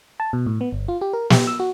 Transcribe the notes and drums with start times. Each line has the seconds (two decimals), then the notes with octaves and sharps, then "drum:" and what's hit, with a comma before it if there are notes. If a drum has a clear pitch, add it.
0.20 A5
0.33 B2
0.46 A2
0.61 B3
0.73 G1
0.88 F4
1.01 G4
1.13 A#4
1.30 G4, drum: snare
1.47 E6
1.60 F#4